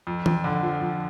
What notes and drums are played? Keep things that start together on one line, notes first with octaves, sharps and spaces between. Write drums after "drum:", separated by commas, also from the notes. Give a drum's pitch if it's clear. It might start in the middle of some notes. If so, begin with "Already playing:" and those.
F2
F2, drum: tom E3
D3
F3
F2